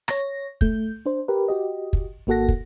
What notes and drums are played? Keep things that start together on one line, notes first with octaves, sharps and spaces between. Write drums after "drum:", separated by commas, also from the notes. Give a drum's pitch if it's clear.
C#5 A#6, drum: rim click
A3 G6, drum: kick
D4 C5
G4 A#4 B4
F#4 G4 D#5
drum: kick
G#1 A#3 F#4 A4 F#5 A#6
drum: kick